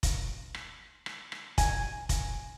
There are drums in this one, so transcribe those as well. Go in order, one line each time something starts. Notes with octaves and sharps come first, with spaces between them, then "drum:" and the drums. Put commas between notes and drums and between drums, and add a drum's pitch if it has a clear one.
drum: kick F1, hi-hat
drum: rim click
drum: rim click
drum: rim click
G#5, drum: kick F1, hi-hat
drum: kick F1, hi-hat